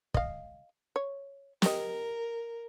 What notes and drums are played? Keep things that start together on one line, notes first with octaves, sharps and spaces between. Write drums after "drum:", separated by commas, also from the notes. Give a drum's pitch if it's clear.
D#5 F5, drum: kick
C#5
G4 A#4 D#5, drum: snare